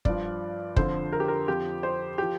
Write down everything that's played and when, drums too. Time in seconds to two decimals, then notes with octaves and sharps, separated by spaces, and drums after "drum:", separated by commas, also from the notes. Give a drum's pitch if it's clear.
0.05 G2 F3 D5, drum: kick
0.76 F2 D3 F3 C5, drum: kick
1.13 A#4
1.20 G4
1.28 A#4
1.47 F2 F3 G4
1.83 C5
2.18 F3 G4